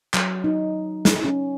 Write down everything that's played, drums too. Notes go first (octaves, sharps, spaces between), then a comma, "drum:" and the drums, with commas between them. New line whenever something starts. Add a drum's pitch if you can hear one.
F#3, drum: clap
D#4
drum: snare
C#4